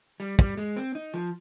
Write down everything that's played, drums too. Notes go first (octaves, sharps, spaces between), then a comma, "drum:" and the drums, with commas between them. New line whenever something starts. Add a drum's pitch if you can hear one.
G3
G3, drum: kick
G#3
C4
D#4
F3